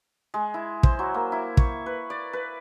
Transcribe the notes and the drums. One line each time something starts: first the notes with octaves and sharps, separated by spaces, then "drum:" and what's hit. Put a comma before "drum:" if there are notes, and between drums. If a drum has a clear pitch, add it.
G#3
E4
C5, drum: kick
F#3
A#3
E4
C#6, drum: kick
B4
D5
B4